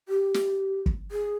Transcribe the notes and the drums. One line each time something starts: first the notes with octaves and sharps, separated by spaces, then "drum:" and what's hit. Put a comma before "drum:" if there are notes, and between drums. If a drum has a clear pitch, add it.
G4
drum: snare
drum: kick
G#4